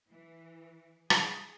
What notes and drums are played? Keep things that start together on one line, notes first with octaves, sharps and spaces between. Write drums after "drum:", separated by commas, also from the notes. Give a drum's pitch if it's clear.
E3
G#4, drum: rim click